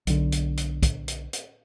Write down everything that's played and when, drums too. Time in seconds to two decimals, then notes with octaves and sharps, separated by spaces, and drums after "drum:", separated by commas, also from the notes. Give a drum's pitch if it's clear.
0.07 B1 D3, drum: hi-hat
0.32 drum: hi-hat
0.57 drum: hi-hat
0.83 drum: kick, hi-hat
1.08 drum: hi-hat
1.33 drum: hi-hat